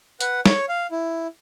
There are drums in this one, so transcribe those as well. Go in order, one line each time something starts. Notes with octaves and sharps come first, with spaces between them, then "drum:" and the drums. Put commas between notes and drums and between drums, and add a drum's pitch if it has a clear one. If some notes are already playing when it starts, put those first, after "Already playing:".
B4 F#5, drum: hi-hat
C#5, drum: snare
F5
E4